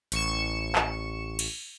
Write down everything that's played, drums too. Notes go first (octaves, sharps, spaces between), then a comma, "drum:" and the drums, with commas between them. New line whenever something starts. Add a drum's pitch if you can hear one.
A1 C#6 C#7 E7, drum: hi-hat
drum: clap
drum: cymbal